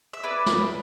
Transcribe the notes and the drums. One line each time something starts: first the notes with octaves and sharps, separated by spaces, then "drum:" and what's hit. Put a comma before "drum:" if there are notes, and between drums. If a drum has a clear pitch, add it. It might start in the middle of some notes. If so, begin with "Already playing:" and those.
E5
E4 B4 D5
drum: snare